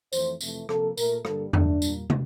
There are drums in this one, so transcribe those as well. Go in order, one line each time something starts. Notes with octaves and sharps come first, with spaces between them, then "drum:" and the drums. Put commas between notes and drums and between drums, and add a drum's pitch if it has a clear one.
F2 E3 A3 C5, drum: tambourine
F2 C3 E3 A3, drum: tambourine
C3 F3 A#3 A4, drum: rim click
A#2 A3 A#4, drum: tambourine
G2 D3 G3 A#3 A4, drum: rim click
F2 D3 A3 D4, drum: tom E2
A#2 G3 A#3, drum: tambourine
drum: tom